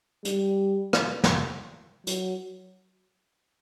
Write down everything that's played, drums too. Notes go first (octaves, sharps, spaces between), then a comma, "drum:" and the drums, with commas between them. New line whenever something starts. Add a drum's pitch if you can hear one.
G3, drum: hi-hat
drum: rim click
drum: snare
F#3, drum: hi-hat